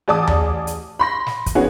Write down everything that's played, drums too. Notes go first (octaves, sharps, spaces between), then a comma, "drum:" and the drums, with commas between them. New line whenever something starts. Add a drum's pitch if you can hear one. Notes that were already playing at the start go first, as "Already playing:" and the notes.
A1 G#4 D5 A5 D6 D#6
drum: tom D#2
drum: hi-hat
B5 C6 A#6
drum: snare
drum: kick, hi-hat
B3 C#4 D4 F#4 G#4